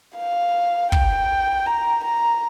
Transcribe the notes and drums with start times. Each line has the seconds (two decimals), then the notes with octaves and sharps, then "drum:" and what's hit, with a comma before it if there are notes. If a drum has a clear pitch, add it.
0.16 F5
0.92 G5, drum: kick
1.66 A#5
2.04 A#5